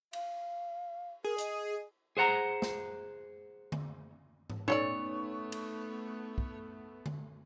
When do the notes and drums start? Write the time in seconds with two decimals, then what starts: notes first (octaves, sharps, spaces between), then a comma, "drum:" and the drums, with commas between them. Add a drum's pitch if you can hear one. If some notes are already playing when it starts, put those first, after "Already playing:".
0.13 F5, drum: cymbal
1.24 G#4 A#4
1.38 D#5, drum: hi-hat
2.17 G#4 C5 F#5 A#5
2.62 drum: snare
3.72 drum: tom D3
4.50 drum: tom
4.68 A3 B3 C#4 D#4 A4 C#5 D5, drum: tom A#2
5.52 drum: cymbal
6.38 drum: kick
7.06 drum: tom D3